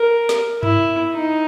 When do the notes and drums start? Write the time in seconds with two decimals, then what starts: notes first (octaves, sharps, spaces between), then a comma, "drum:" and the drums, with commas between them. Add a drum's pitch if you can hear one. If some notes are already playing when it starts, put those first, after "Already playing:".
Already playing: A#4
0.29 drum: snare
0.63 E4, drum: tom G2
1.13 D#4